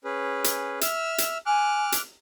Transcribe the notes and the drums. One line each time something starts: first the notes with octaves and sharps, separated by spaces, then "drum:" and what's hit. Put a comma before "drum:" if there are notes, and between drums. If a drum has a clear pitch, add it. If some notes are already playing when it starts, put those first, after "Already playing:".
C#4 G#4 B4
drum: hi-hat
E5 E6 F6, drum: hi-hat
drum: hi-hat
G#5 D6 F6 F#6
drum: hi-hat